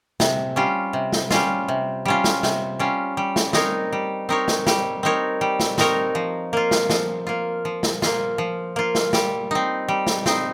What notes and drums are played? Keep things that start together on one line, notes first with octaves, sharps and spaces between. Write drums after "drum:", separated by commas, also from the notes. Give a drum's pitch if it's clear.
C3, drum: snare
G3 C#4 F4
C3
drum: snare
G3 C#4 F4, drum: snare
C3
G3 C#4 F4
drum: snare
C3, drum: snare
G3 C#4 F4
G3
drum: snare
C4 D#4 A#4 C#5, drum: snare
G3
C4 D#4 A#4 C#5
drum: snare
G3, drum: snare
C4 D#4 A#4 C#5
G3
drum: snare
C4 D#4 A#4 C#5, drum: snare
F3
A#3 F4
drum: snare
F3, drum: snare
A#3 F4
F3
drum: snare
A#3 F4, drum: snare
F3
A#3 F4
drum: snare
G3, drum: snare
C4 D#4
G3
drum: snare
C4 D#4, drum: snare